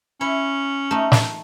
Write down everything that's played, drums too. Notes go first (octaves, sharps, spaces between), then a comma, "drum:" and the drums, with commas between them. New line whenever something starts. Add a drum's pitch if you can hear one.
C#4 E4
A3 D#4
drum: snare